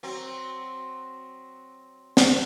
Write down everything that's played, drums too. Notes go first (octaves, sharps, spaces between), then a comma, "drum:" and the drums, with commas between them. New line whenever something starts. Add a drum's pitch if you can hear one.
F#3 C4
drum: snare